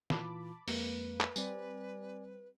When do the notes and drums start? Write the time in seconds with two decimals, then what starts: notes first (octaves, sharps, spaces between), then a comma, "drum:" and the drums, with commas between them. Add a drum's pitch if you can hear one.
0.10 A#2 E3 F4 A5 B5 D6, drum: snare
0.68 F2 G#3 A#3 B4, drum: open hi-hat
1.21 drum: clap
1.36 G3 C4 D5 G#5, drum: tambourine